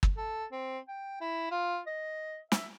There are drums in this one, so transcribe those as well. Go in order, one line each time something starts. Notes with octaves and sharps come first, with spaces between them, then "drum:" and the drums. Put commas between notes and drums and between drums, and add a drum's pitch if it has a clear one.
drum: kick
A4
C4
G5
E4
F4
D#5
E5, drum: snare